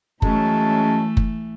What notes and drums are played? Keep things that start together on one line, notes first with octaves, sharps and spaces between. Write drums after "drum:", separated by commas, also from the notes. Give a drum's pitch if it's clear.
F#2 E3 G#3 A3 C#4 A5, drum: kick F#1
drum: kick F#1